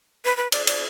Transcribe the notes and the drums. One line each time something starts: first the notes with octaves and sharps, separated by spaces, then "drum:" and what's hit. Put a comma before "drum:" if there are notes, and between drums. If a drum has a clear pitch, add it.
B4
B4
D5, drum: cymbal
D5, drum: cymbal